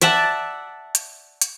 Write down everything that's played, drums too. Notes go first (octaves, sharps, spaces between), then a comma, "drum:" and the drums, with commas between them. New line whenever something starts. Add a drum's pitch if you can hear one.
D5 E5 F#5 A5, drum: hi-hat
drum: hi-hat
drum: hi-hat